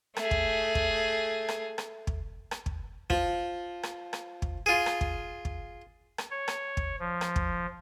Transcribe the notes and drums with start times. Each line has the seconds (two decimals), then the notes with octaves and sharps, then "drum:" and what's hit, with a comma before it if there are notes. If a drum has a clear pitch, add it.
0.17 A3 G#4, drum: rim click
0.31 drum: kick
0.75 drum: kick
1.49 drum: rim click
1.78 drum: rim click
2.07 drum: kick
2.51 drum: rim click
2.66 drum: kick
3.10 F3, drum: kick
3.83 drum: rim click
4.13 drum: rim click
4.42 drum: kick
4.66 F4 G#4
4.86 drum: rim click
5.01 drum: kick
5.45 drum: kick
6.18 drum: rim click
6.30 C#5
6.48 drum: rim click
6.77 drum: kick
6.99 F3
7.21 drum: rim click
7.36 drum: kick